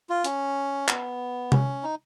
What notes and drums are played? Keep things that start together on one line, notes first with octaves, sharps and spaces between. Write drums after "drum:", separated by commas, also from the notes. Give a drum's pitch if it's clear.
F4
C#4, drum: hi-hat
B3, drum: clap
C#4, drum: tom C3
D#4